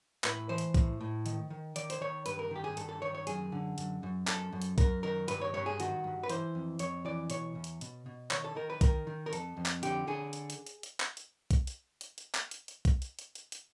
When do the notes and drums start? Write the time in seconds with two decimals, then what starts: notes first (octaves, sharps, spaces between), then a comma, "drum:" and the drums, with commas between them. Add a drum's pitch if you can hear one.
0.24 A2 B4, drum: clap
0.49 E3 C5
0.58 drum: hi-hat
0.74 A2, drum: kick B1, hi-hat
1.01 A2
1.26 D#3, drum: hi-hat
1.50 D#3
1.76 D#3 D5, drum: hi-hat
1.90 C5, drum: hi-hat
2.01 D#3 C#5
2.26 G2 B4, drum: hi-hat
2.39 A#4
2.51 D#3 G4
2.64 G#4
2.77 G2 A4, drum: hi-hat
2.89 A4
3.02 D#3 C#5
3.15 C#5
3.27 F#2 G#4, drum: hi-hat
3.52 D3
3.78 F#2, drum: hi-hat
4.03 F#2
4.27 F#2 A4, drum: clap
4.53 F#2
4.62 drum: hi-hat
4.78 F#2 A#4, drum: kick B1, hi-hat
5.03 D#3 A#4
5.28 G2 B4, drum: hi-hat
5.41 C#5
5.54 G2 C#5
5.66 G#4
5.80 D#3 F#4, drum: hi-hat
6.04 G2
6.23 B4
6.29 E3 C5, drum: hi-hat
6.55 F2
6.79 F2 C#5, drum: hi-hat
7.05 E3 D5
7.30 B2 C#5, drum: hi-hat
7.55 E2
7.64 drum: hi-hat
7.81 B2, drum: hi-hat
8.06 B2
8.31 D#3 C#5, drum: clap
8.44 A4
8.56 D#3 A#4
8.70 B4
8.81 D#3 A#4, drum: kick B1, hi-hat
9.07 D#3
9.26 A#4
9.33 F2 A4, drum: hi-hat
9.57 F2
9.66 drum: clap
9.83 D3 G4, drum: hi-hat
10.07 D3 G#4
10.33 drum: hi-hat
10.50 drum: hi-hat
10.67 drum: hi-hat
10.83 drum: hi-hat
11.00 drum: clap
11.17 drum: hi-hat
11.51 drum: kick B1, hi-hat
11.67 drum: hi-hat
12.01 drum: hi-hat
12.18 drum: hi-hat
12.35 drum: clap
12.51 drum: hi-hat
12.68 drum: hi-hat
12.85 drum: kick B1, hi-hat
13.02 drum: hi-hat
13.19 drum: hi-hat
13.35 drum: hi-hat
13.52 drum: hi-hat